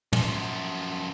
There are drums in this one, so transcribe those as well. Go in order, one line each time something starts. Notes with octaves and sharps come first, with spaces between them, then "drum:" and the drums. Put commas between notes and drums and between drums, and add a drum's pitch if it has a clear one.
F#2 F3, drum: tom